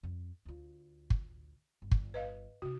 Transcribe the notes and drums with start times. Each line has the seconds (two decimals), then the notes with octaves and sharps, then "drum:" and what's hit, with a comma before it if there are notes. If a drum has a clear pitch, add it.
0.03 F2
0.45 D2 F4
1.10 drum: kick
1.82 G1
1.91 drum: kick
2.14 B4 D#5 F5
2.62 C3 D#4 F#4